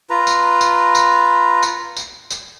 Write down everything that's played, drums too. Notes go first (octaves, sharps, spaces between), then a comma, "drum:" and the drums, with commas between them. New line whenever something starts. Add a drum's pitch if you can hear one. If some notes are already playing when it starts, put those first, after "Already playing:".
F4 B4 A#5
drum: tambourine
drum: tambourine
drum: tambourine
drum: tambourine
drum: tambourine
drum: tambourine